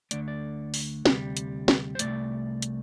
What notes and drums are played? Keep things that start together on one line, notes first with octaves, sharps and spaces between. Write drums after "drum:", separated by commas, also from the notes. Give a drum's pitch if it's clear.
D2 D3 A3 D5, drum: hi-hat
D5
drum: open hi-hat
D2 C3 G3, drum: snare
drum: hi-hat
drum: snare
C5
C2 B2 A3 D5, drum: hi-hat
drum: hi-hat